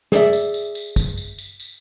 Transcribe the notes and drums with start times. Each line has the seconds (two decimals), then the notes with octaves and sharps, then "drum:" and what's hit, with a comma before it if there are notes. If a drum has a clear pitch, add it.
0.12 G#4 D5 E5, drum: snare
0.33 drum: tambourine
0.54 drum: tambourine
0.75 drum: tambourine
0.96 drum: kick, tambourine
1.17 drum: tambourine
1.39 drum: tambourine
1.60 drum: tambourine